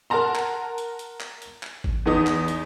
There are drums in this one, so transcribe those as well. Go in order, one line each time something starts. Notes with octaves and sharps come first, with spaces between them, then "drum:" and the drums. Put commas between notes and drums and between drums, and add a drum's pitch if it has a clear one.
A#4 F#5 A5 A#5 C6
drum: clap
drum: hi-hat
drum: hi-hat
drum: clap
drum: hi-hat
drum: clap
drum: kick G#1
E2 B3 D#4 D#6
drum: clap
drum: hi-hat